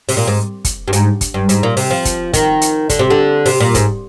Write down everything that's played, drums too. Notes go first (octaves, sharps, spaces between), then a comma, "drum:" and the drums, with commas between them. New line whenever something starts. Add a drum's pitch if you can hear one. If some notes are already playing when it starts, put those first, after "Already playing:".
C3, drum: open hi-hat
A#2
G#2
drum: kick, hi-hat
G2
G#2, drum: hi-hat
drum: kick, hi-hat
G2
G#2, drum: hi-hat
A#2
C3, drum: open hi-hat
F3
drum: kick, hi-hat
D#3, drum: kick, hi-hat
drum: hi-hat
D3, drum: kick, hi-hat
C3
D3
C3, drum: open hi-hat
A#2
G#2, drum: kick, hi-hat